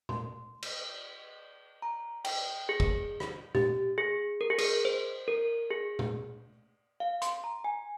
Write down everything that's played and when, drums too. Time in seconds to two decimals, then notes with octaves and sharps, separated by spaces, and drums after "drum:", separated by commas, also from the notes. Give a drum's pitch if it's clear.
0.09 C6, drum: tom A#2
0.63 drum: cymbal
1.82 A#5
2.25 G5, drum: cymbal
2.69 G#4
2.80 drum: kick
3.20 drum: rim click
3.55 G4, drum: tom A#2
3.98 G#4
4.41 A#4
4.50 G#4
4.58 A#4, drum: cymbal
4.85 C5
5.28 A#4
5.70 G#4
5.99 drum: tom A#2
7.00 F5
7.22 C6, drum: hi-hat
7.44 A#5
7.64 G#5